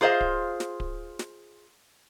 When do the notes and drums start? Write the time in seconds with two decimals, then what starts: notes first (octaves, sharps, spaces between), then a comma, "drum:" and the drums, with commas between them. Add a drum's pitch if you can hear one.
0.01 F4 G#4 C5 D#5 F5
0.21 drum: kick D1
0.60 drum: snare
0.80 drum: kick D1
1.19 drum: snare